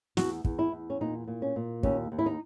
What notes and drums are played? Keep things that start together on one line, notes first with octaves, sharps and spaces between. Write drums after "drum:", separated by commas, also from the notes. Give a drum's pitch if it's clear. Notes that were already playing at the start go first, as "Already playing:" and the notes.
E2 F#4, drum: snare
E2, drum: kick
E4
E2
C#4
A#2 D#4
A#2
C#4
A#2
D#2 C#4, drum: kick
D#2
E4
D#4